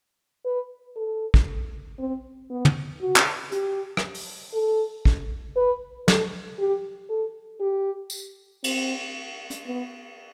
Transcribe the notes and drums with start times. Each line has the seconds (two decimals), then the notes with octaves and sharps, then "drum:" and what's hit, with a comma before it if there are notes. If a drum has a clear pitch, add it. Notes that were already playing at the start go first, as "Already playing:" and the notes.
0.45 B4
0.96 A4
1.34 drum: kick
1.99 C4
2.50 B3
2.65 drum: tom
3.01 F#4
3.16 drum: clap
3.52 G4, drum: hi-hat
3.97 drum: rim click
4.15 drum: open hi-hat
4.54 A4
5.05 drum: kick
5.57 B4
6.08 A4, drum: snare
6.59 G4
7.10 A4
7.61 G4
8.10 drum: tambourine
8.64 C4, drum: cymbal
9.50 drum: hi-hat
9.66 B3